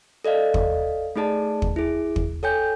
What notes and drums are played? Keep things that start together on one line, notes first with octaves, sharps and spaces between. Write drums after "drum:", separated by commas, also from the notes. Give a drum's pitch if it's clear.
A4 D5 D#5 F5
drum: kick
A3 D#4 G#4 D5 A5
drum: kick
E4 G#4
drum: kick
A4 C#5 G5 G#5 G6